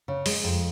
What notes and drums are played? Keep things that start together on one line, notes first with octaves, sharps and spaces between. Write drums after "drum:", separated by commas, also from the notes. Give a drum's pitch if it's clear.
C#3
G#3, drum: open hi-hat
F2